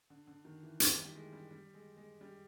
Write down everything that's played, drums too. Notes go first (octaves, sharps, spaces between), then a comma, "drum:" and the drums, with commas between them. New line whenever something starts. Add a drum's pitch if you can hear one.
D3
D3
D#3
E3
D#3, drum: hi-hat
G3
G#3
G3
G3
G#3
G#3
G3